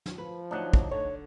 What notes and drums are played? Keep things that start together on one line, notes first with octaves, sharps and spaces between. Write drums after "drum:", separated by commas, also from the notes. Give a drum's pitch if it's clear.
drum: snare
F3 B4
D2 F#3 D4 D#4 F#5
drum: kick
D3 C#5